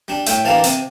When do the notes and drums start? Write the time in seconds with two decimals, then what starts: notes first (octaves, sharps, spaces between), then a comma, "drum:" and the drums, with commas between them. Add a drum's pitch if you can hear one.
0.08 G3 D4
0.26 A2 E5 G5, drum: hi-hat
0.45 E3 G3 A#3 D4 F5 A5
0.64 C3, drum: hi-hat